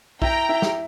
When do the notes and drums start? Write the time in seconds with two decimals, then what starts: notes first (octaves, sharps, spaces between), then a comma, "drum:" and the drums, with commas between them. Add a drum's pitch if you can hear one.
0.22 E4 G5 A#5, drum: kick B1
0.49 E4
0.62 drum: snare